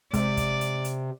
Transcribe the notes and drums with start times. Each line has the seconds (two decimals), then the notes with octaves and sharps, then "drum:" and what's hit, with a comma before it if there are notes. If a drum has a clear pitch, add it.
0.14 C3 G#3 D5, drum: kick, hi-hat
0.37 drum: kick, hi-hat
0.61 drum: hi-hat
0.84 drum: hi-hat